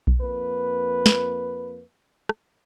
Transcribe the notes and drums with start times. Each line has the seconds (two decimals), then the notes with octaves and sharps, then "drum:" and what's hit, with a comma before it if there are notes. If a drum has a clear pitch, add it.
0.07 drum: kick B1
0.20 F2 A#3 B4
1.06 drum: snare
2.29 drum: rim click